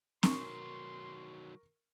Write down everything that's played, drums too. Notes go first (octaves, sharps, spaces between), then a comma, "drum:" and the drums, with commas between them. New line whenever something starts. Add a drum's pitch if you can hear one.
D#3 F#3 A#4 C6 C#6, drum: snare C4